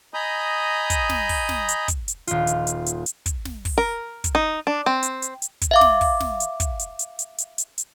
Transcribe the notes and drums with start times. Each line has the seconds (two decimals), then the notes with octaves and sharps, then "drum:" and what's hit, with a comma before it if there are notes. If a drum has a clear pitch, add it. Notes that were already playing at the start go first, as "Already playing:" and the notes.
0.14 D#5 G#5 A#5 B5 D#6 G6
0.90 drum: kick, hi-hat
1.10 drum: snare
1.29 drum: kick, open hi-hat
1.49 drum: snare
1.68 drum: hi-hat
1.88 drum: kick, hi-hat
2.08 drum: hi-hat
2.27 D#1 F4, drum: hi-hat
2.47 drum: hi-hat
2.67 drum: hi-hat
2.86 drum: hi-hat
3.06 drum: hi-hat
3.26 drum: kick, hi-hat
3.45 drum: snare
3.65 drum: kick, open hi-hat
3.78 A#4
4.24 drum: kick, hi-hat
4.35 D#4
4.67 D4
4.86 C4
5.03 drum: hi-hat
5.22 drum: hi-hat
5.42 drum: hi-hat
5.62 drum: kick, hi-hat
5.71 E5 F5 D6
5.81 drum: snare
6.01 drum: kick, open hi-hat
6.20 drum: snare
6.40 drum: hi-hat
6.60 drum: kick, hi-hat
6.79 drum: hi-hat
6.99 drum: hi-hat
7.19 drum: hi-hat
7.38 drum: hi-hat
7.58 drum: hi-hat
7.78 drum: hi-hat